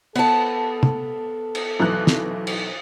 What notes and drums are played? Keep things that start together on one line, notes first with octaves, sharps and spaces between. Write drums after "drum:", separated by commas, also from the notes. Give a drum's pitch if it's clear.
B3 A4 A5, drum: cymbal
drum: tom
drum: cymbal
B1 E3 F#6
drum: snare
drum: cymbal